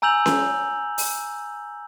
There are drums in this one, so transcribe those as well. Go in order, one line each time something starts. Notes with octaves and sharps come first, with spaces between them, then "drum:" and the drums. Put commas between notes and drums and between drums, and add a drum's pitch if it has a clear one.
G#5 A#5 E6 G6 F7 F#7
drum: snare C#4
drum: open hi-hat